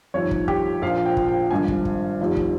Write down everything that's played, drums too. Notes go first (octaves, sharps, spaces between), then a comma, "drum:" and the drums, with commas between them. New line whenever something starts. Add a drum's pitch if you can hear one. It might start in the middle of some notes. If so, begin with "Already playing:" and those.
G1 F2 D#3 C#5
drum: kick
G4, drum: kick
A#1 A#2 F3 F5
G5
drum: kick
G5
G#1 G2 F3 G#5
drum: kick
drum: kick
F1 F2 D#3
drum: kick